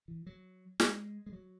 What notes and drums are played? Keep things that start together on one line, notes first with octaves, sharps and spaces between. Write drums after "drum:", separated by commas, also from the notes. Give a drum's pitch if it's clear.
E3
F#3
G#3, drum: snare
G#3
F#3